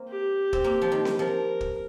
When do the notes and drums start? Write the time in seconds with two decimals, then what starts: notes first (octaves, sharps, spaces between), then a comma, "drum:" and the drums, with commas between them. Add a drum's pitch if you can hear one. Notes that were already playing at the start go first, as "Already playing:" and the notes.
Already playing: A#3 C4
0.09 G4
0.53 C4, drum: kick
0.64 A#3
0.82 F3
0.92 D#3
1.05 drum: snare C4
1.19 F3 A#4
1.61 drum: kick